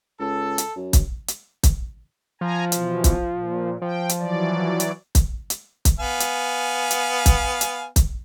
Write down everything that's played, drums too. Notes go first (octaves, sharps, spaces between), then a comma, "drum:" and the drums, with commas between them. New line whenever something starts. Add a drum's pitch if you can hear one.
C#2 A4
drum: hi-hat
F#2
drum: kick, hi-hat
drum: hi-hat
drum: kick, hi-hat
F3 G#5 A#5
B2 E3, drum: hi-hat
drum: kick, hi-hat
A#2
F3 G5
drum: hi-hat
E3 F#3 D5
drum: hi-hat
drum: kick, hi-hat
drum: hi-hat
drum: kick, hi-hat
B3 F5 G#5
drum: hi-hat
drum: hi-hat
drum: kick, hi-hat
drum: hi-hat
drum: kick, hi-hat